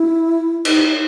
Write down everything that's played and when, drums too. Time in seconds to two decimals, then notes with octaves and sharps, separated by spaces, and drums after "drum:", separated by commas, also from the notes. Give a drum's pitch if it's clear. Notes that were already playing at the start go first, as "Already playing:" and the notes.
Already playing: E4
0.65 D#4, drum: cymbal